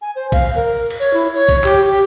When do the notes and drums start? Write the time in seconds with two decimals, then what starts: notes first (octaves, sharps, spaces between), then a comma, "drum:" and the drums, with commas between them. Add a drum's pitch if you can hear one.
0.02 G#5
0.16 C5
0.32 F5, drum: kick B1, cymbal
0.55 A#4
0.90 drum: cymbal
1.00 C#5
1.14 E4
1.34 C#5
1.49 drum: kick B1, cymbal
1.64 G4, drum: clap
1.86 G4